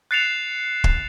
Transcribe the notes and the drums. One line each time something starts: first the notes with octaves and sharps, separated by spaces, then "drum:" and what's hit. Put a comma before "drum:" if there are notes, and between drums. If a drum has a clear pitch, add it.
F#6 A6 C7 C#7 E7 F7
drum: kick